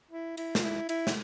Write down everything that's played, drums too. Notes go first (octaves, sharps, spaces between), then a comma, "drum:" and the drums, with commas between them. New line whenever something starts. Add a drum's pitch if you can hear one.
E4
E4, drum: cymbal
F4, drum: snare
E4
E4, drum: cymbal
drum: snare